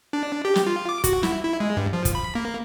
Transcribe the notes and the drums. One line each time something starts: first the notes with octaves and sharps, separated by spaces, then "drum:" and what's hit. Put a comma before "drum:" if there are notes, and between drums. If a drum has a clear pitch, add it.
D4
G4
drum: snare
F4
D6
F#4, drum: kick, hi-hat
E4, drum: snare
E4
G#3
G2
F3
drum: kick, hi-hat
B5
A#3